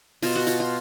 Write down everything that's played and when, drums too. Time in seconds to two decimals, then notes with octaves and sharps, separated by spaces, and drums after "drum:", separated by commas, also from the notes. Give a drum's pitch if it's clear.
0.22 B2 F4, drum: open hi-hat
0.36 F#4
0.47 F4, drum: hi-hat
0.60 F4